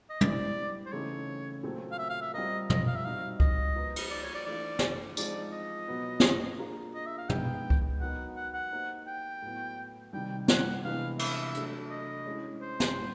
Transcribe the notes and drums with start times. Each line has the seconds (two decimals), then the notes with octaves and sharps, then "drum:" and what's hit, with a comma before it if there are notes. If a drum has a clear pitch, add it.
0.10 D#5
0.21 G3 B3 E4 G4 C5 D5, drum: tom
0.86 C5
0.92 C#3 E3 A3 C4 D#4 C#5
1.63 A#2 F#3 A3 C4
1.92 F5
1.98 E5
2.10 F5
2.22 E5
2.34 G3 C4 F4 A#4 D#5
2.70 D#5, drum: tom
2.87 F5
2.95 E5
3.04 G3 C4 D#4 F#4 F5
3.40 D#5, drum: kick C#2
3.76 F3 A#3 D#4 F#4 B4
3.96 drum: cymbal
4.10 D5
4.23 C#5
4.34 D5
4.46 E3 A3 D4 F4 D5
4.79 drum: snare
5.17 F3 G#3 C4 D#4 G#4 D5, drum: tambourine
5.52 D#5
5.88 B2 F#3 B3
6.20 drum: snare
6.59 A#3 D4 F4 G#4
6.95 D#5
7.06 E5
7.18 F5
7.30 G#3 B3 D#4 G#4 G5, drum: tom
7.70 drum: kick C#2
8.01 F#3 B3 D#4 F#4 A#4 F#5
8.36 F#5
8.54 F#5
8.71 A#3 D#4 G4 C5
9.07 G5
9.42 A2 F#3 B3
10.13 C3 D#3 G3 G5
10.48 F#5, drum: snare
10.84 C3 E3 G#3 B3 D4 F5
11.19 E5, drum: cymbal
11.55 F#3 A3 D4, drum: hi-hat
11.90 D#5
12.26 G#3 C#4 E4 G#4
12.61 C5
12.80 drum: snare
12.97 A#2 G3 B3